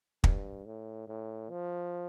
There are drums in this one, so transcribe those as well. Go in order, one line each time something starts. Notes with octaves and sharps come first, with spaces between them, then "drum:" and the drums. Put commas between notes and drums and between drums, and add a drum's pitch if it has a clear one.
G2, drum: kick
A2
A2
F3